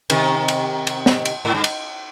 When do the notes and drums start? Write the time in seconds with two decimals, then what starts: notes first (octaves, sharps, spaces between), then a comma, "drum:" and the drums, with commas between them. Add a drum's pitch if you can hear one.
0.10 C3 D#3, drum: cymbal
0.48 drum: cymbal
0.87 drum: cymbal
1.06 drum: snare
1.25 drum: cymbal
1.45 G#2
1.55 G2
1.64 drum: cymbal